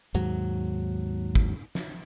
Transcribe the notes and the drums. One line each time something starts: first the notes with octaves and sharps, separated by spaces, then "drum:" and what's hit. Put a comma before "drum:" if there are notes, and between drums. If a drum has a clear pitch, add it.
D#2 G#2 F#3, drum: hi-hat
drum: kick
drum: snare